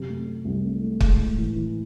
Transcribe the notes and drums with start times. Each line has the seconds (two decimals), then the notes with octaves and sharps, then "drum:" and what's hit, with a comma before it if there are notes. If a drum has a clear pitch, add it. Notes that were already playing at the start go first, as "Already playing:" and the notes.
Already playing: F#2 C3
0.09 A3
0.27 C3
0.45 C2
0.64 A3
0.83 A3
1.01 G#3, drum: kick
1.19 A2
1.38 E3
1.56 E3